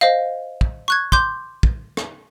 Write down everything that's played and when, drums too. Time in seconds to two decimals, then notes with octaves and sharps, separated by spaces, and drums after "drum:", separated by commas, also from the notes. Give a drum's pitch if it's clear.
0.01 C5 D#5 F5
0.61 drum: kick
0.88 C#6 F#6 G#6
1.12 C6 D6 G6, drum: kick
1.63 drum: kick
1.97 drum: rim click